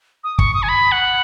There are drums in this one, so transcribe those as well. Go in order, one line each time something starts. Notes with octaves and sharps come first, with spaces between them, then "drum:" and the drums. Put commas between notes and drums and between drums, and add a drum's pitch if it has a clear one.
D#6
C#6, drum: kick
D#6
G#5
B5
F#5